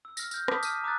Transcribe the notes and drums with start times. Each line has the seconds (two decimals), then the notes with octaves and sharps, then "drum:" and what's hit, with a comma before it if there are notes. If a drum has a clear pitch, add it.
0.05 E6
0.17 F6 A#6, drum: tambourine
0.31 F6 G6, drum: tambourine
0.48 A5 D6 D#6 B6, drum: rim click
0.63 F6 D#7, drum: tambourine
0.84 A#5 D6 D#6 F6 F#6 A6